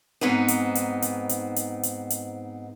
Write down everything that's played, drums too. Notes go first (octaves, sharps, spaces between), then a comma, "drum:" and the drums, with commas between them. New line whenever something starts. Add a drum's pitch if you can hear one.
G#2 B3 C4 D#4
drum: hi-hat
drum: hi-hat
drum: hi-hat
drum: hi-hat
drum: hi-hat
drum: hi-hat
drum: hi-hat